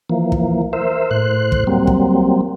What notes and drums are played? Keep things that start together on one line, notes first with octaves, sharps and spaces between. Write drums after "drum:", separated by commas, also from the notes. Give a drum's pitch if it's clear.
E3 F3 A#3
drum: kick
A#4 C5 E5
A2 C5 F#6
drum: kick
F#3 G3 A#3 C4
drum: kick